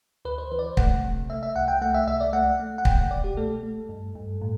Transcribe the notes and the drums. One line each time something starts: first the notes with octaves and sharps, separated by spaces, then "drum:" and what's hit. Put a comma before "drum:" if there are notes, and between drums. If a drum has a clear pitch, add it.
D2 B4
C5
E3 B4
D5
C5
A3 F#5, drum: kick
C3
A3 E5
E5
C2 F#5
G5
A3 F#5
E5
C2 E5
D5
A3 F#5
A3
F#5
C2 G5, drum: kick
F#5
B2 D5
G4
A3 A4
A3
G2
G2
A2